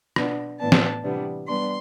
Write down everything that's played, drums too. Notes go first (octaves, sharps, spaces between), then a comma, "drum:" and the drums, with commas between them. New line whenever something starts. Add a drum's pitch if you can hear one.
B2 B3 D4, drum: rim click
A2 E3 B3 D4 A5
drum: snare
C3 E3 G3 B3 D4
G3 B3 D4 C6